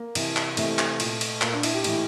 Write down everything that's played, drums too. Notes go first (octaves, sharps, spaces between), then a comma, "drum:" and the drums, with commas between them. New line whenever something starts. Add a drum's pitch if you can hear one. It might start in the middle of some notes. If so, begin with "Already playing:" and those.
Already playing: A#3
C3 E3, drum: cymbal
drum: clap
C3 E3 A3, drum: cymbal
drum: clap
A#2, drum: cymbal
drum: cymbal
A#2 A#3, drum: clap
D4
E4, drum: cymbal
G4
A2 E3, drum: cymbal